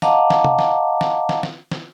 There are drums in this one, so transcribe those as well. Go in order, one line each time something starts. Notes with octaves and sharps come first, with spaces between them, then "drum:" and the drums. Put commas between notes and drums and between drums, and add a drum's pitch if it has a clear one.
D#5 F5 F#5 A5 A#5 D6, drum: snare
drum: snare
drum: tom C3
drum: snare
drum: snare
drum: snare
drum: snare
drum: snare